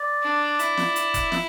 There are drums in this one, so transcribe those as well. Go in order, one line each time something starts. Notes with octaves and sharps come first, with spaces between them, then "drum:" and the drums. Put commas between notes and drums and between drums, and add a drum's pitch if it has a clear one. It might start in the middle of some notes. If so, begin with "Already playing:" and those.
Already playing: D5
D4
E4, drum: hi-hat
drum: snare
drum: hi-hat
drum: kick E1, hi-hat
E5, drum: snare